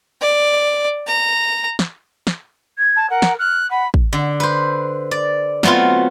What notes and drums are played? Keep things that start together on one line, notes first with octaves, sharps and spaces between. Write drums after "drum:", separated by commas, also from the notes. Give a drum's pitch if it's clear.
D5
A#5
drum: snare
drum: snare
G#6
A5
A#4 F#5
drum: snare
F6 F#6
F#5 B5
drum: kick
D3
B4 C5
D5
F#3 A3 B3 C4 F4, drum: snare